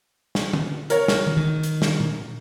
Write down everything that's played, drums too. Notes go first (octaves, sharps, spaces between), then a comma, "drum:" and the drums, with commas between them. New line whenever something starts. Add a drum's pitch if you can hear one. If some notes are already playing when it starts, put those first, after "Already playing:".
drum: snare
drum: tom D3
A#4 C#5, drum: hi-hat
drum: snare
drum: tom D#3
D#3
drum: hi-hat
drum: snare
drum: tom A#2